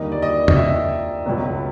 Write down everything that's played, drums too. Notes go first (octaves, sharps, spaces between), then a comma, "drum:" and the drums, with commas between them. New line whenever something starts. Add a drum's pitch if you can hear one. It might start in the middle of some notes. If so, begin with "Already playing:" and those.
Already playing: D#2 D3 G3 A#3 D#5
D5
D#5
D#5, drum: tom
E5
C#2 B2 F#3 B3